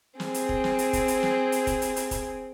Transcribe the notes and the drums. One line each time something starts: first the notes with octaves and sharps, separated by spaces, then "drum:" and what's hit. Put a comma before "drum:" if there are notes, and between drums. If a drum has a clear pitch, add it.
C4 G#4, drum: snare
drum: hi-hat
drum: kick E1
drum: snare
drum: hi-hat
drum: kick E1, hi-hat
drum: hi-hat
drum: snare
drum: hi-hat
drum: kick E1, hi-hat
drum: hi-hat
drum: hi-hat
drum: kick E1, hi-hat